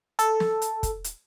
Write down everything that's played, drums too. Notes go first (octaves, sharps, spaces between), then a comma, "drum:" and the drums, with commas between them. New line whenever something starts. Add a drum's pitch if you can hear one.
A4, drum: hi-hat
drum: snare
drum: hi-hat
drum: kick, hi-hat
drum: hi-hat